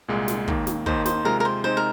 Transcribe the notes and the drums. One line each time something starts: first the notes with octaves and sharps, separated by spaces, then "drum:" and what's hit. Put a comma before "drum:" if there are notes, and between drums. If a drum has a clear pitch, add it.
C2 A#2 G#3
drum: snare
D#2 D#3 A#3, drum: kick
drum: snare
D#2 D#3 A#3 D#4 C5, drum: kick
C5, drum: snare
C3 G#3 F4 A#4
A#4
C5
C3 G#3 D#4 C5
A#4